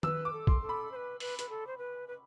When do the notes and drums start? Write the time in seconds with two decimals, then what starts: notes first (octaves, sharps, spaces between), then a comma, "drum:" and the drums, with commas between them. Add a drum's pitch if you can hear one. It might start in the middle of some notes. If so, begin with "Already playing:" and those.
0.03 B4 E6, drum: tom D#3
0.25 D6
0.33 A4
0.47 C6, drum: kick
0.62 A4
0.69 B5
0.92 C5
0.96 B4
1.20 B4, drum: open hi-hat
1.39 B4, drum: hi-hat
1.49 A4
1.67 C5
1.78 B4
2.08 B4